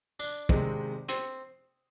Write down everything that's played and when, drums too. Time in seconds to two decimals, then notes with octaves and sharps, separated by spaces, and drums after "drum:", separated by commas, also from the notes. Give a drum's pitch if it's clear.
0.20 D4, drum: tambourine
0.49 C3 D#3 G#3 C4 D#4, drum: kick
1.09 C4, drum: hi-hat